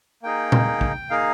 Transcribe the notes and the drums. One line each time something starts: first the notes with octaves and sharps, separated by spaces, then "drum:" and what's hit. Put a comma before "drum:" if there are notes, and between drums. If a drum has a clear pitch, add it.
A#3 D#4 G#4 G5
drum: tom A#2
drum: kick
A#3 D#4 G#4 F5